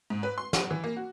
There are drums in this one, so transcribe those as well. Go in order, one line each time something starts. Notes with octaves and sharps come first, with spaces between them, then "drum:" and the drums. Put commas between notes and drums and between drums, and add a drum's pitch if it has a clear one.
G#2
B4
C6
F#5, drum: snare
E3
A#3
F#4